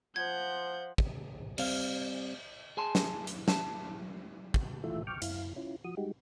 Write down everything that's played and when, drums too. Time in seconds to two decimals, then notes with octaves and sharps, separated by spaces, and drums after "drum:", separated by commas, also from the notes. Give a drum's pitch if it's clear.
0.16 F3 F#5 G6 G#6
0.98 drum: kick
1.58 G3 C4 F5, drum: cymbal
2.77 G#4 G#5 A5 C6
2.95 drum: snare
3.27 drum: hi-hat
3.48 A5, drum: snare
4.54 drum: kick
4.84 E3 A3 F4 E5
5.07 G5 C#6 D6 F6
5.22 F#2 E4 F5, drum: hi-hat
5.56 C#4 E4 F4
5.84 F3 F#4 D#6
5.97 G3 G#3 D#4 F#4 G4